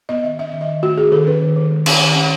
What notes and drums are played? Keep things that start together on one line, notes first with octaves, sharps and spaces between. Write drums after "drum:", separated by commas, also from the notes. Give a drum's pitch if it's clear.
B3 D#5
D#3 E5
C#4 E5
D#3 E5
D#5
D#3
A3 F#4
C#4 G#4
D#3 A4
C#4 B4
D#3
D#3
G#3
C#4, drum: cymbal
D#3
C#4